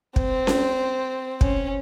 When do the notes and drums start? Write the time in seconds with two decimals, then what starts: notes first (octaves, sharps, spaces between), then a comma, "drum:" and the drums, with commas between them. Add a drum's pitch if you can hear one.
0.16 C4, drum: kick
0.47 drum: snare C#4
1.41 C#4, drum: kick